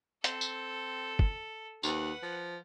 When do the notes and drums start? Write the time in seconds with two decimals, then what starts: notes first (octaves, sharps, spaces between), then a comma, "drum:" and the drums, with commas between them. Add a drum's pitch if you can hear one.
0.24 C4 A4, drum: hi-hat
0.41 drum: tambourine
1.19 drum: kick
1.83 D#2 B4 F#5, drum: tambourine
2.22 F3